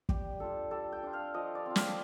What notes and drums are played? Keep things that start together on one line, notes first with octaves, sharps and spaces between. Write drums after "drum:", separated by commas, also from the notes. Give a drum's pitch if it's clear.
G3 G4, drum: kick
D4 F4 A4
G3 A4
G5
D4 F4
F5
F3 D#5
D5
C4 F4
F5, drum: snare